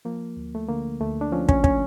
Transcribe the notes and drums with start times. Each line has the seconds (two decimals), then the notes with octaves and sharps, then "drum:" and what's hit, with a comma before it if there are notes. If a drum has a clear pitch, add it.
0.05 F3 A#3
0.37 D2
0.55 A3
0.69 D3 A#3
1.00 D2 A3
1.21 D4
1.32 F3 C#4
1.49 C#4, drum: kick
1.64 C#4, drum: kick